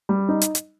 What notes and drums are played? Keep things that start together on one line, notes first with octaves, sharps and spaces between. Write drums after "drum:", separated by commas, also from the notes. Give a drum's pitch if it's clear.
G3
D#4
drum: hi-hat
drum: hi-hat